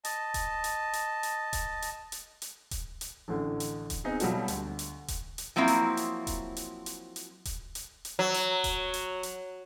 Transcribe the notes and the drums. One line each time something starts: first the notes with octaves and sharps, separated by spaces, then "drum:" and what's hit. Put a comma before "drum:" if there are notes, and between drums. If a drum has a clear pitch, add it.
D#5 A5, drum: hi-hat
drum: kick D#1, hi-hat
drum: hi-hat
drum: hi-hat
drum: hi-hat
drum: kick D#1, hi-hat
drum: hi-hat
drum: hi-hat
drum: hi-hat
drum: kick D#1, hi-hat
drum: hi-hat
A1 A2 D3
drum: hi-hat
drum: kick D#1, hi-hat
B3 C4 D#4 G#4
B2 F#3 G3 F4 F#4 A4, drum: hi-hat
D2, drum: hi-hat
drum: hi-hat
drum: kick D#1, hi-hat
drum: hi-hat
F3 F#3 A#3 C4 E4
drum: hi-hat
drum: hi-hat
drum: kick D#1, hi-hat
drum: hi-hat
drum: hi-hat
drum: hi-hat
drum: kick D#1, hi-hat
drum: hi-hat
drum: hi-hat
F#3
drum: hi-hat
drum: kick D#1, hi-hat
drum: hi-hat
drum: hi-hat